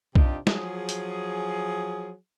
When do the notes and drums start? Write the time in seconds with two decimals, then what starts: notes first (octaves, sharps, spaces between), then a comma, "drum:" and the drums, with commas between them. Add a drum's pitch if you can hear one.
0.15 C3 D4 D#4 F4 G4, drum: kick B1
0.47 F3 F#3 G#4, drum: snare
0.89 drum: hi-hat